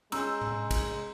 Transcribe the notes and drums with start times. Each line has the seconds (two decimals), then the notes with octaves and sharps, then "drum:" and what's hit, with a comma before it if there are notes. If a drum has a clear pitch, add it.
0.12 G#3 C#4 G#5 A#5 C6 E6 G6, drum: cymbal
0.41 drum: tom A2
0.71 drum: kick, cymbal